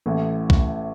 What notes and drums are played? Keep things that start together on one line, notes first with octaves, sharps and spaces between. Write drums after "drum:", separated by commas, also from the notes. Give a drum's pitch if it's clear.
A1 A2
drum: kick